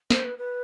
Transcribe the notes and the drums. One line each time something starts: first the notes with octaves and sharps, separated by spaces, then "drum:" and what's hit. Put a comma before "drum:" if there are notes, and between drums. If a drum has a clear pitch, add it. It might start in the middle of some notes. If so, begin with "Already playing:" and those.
C5, drum: snare
B4
B4